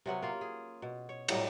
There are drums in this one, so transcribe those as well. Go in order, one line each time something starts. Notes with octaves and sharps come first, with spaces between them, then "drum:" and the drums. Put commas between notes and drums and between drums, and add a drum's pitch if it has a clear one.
C3 F#3 B3 C#4
A#3 F4
G#4
B2
C#5
A2 F#3 G3 D#4, drum: cymbal